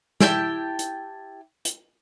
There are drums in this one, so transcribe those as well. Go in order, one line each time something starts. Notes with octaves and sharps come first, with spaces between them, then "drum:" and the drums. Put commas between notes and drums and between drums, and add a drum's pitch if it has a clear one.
E4 G4 G5 A5, drum: snare
drum: hi-hat
drum: hi-hat